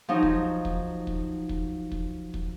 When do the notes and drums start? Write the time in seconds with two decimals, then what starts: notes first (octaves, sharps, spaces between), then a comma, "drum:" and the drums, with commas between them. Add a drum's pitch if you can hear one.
0.09 F3 F#3 D#4
0.23 drum: kick
0.65 drum: kick
1.07 drum: kick
1.49 drum: kick
1.92 drum: kick
2.34 drum: kick